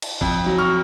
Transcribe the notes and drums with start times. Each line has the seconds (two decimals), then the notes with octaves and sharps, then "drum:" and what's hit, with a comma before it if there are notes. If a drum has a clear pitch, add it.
0.02 drum: cymbal
0.21 F2, drum: kick
0.46 F#3
0.58 C#6 F6